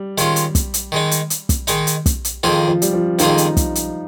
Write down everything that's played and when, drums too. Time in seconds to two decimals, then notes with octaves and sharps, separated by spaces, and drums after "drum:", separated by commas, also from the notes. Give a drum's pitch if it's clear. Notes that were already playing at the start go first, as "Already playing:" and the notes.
Already playing: G3
0.18 D#3 G#3 C#4 F4, drum: hi-hat
0.36 drum: hi-hat
0.55 drum: kick, hi-hat
0.74 drum: hi-hat
0.92 D#3 G#3 D#4
1.11 drum: hi-hat
1.30 drum: hi-hat
1.49 drum: kick, hi-hat
1.67 D#3 G#3 D#4, drum: hi-hat
1.87 drum: hi-hat
2.06 drum: kick, hi-hat
2.25 drum: hi-hat
2.43 F2 D#3 F3 A#3 F4 G#4
2.68 F3
2.82 G3, drum: hi-hat
2.93 F3
3.19 F2 D#3 A#3 D#4 F4 G#4, drum: hi-hat
3.38 drum: hi-hat
3.57 drum: kick, hi-hat
3.75 drum: hi-hat